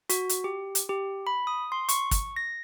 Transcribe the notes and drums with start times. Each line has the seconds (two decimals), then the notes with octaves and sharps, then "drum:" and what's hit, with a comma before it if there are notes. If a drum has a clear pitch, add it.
0.10 F#4, drum: hi-hat
0.29 drum: hi-hat
0.44 G4
0.75 drum: hi-hat
0.89 G4
1.27 B5
1.47 D#6
1.72 C6
1.89 C#6, drum: hi-hat
2.11 drum: kick, hi-hat
2.36 A#6